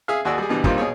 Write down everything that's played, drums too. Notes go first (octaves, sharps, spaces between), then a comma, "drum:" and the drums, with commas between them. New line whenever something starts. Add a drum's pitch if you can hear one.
G#4 E5 F5
D#2 F#4 G#4 D5 E6
G3 G#4
B2 D3 E3 G3 B3
G2 A#2 D#3 G3 C4 F4, drum: kick
B2 G#4 C#5